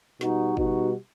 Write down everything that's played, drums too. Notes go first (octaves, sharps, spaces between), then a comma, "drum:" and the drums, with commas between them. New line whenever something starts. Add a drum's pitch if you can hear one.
B2 G3 D#4 F#4, drum: snare
B2 G3 D#4 F#4, drum: kick